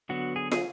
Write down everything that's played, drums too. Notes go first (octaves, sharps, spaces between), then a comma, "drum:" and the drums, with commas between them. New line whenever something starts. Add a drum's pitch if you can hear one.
D3 F#3 B3 F#4
G#4
G#4, drum: snare